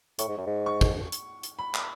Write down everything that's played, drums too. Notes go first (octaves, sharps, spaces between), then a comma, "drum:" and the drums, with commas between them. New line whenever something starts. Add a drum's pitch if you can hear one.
A2 C#6, drum: hi-hat
G#2
F#2
G#2
C#6
drum: kick
drum: hi-hat
drum: hi-hat
B5
drum: clap